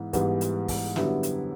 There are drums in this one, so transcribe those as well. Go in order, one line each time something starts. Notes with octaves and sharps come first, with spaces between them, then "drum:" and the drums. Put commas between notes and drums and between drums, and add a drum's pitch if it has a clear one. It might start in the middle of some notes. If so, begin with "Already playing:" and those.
Already playing: G#2 E3 B3
G#2 E3 G3 B3, drum: kick, hi-hat
drum: hi-hat
drum: kick, open hi-hat
F#2 D3 G3 B3 E4, drum: snare
drum: hi-hat